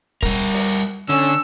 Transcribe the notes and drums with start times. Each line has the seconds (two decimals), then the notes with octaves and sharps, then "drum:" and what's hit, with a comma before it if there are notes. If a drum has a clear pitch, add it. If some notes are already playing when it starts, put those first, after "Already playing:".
0.22 G3 A#4, drum: kick E1
0.54 drum: open hi-hat
1.09 D3 C#4 E6, drum: hi-hat